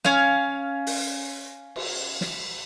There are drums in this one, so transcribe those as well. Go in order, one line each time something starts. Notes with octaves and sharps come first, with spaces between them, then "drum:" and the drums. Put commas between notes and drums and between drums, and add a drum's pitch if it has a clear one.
C#4 F5, drum: snare
drum: open hi-hat
drum: cymbal
drum: snare